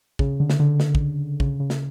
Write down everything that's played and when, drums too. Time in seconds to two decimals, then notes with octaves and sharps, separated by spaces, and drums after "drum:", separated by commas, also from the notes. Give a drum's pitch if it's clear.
0.19 C#3, drum: kick
0.40 D3
0.50 drum: snare
0.60 D3
0.80 drum: snare
0.95 drum: kick
1.40 C#3, drum: kick
1.60 C#3
1.70 drum: snare